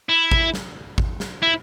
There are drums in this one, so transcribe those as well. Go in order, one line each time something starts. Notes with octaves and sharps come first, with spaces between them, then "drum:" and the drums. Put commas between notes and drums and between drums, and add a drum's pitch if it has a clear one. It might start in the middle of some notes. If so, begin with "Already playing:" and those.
E4
drum: kick G#1
drum: snare
drum: kick G#1
drum: snare
E4